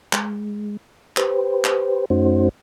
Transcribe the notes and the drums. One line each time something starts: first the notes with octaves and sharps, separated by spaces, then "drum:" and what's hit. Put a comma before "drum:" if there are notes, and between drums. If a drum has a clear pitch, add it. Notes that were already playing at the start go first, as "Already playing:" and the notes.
G#3, drum: clap
G4 B4 C5, drum: clap
drum: clap
F#2 A3 C#4 D#4 F#4 C5